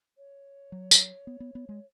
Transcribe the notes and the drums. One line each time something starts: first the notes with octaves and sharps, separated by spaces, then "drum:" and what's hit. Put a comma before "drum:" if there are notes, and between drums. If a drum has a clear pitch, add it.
C#5
F#3
drum: tambourine
B3
B3
B3
G#3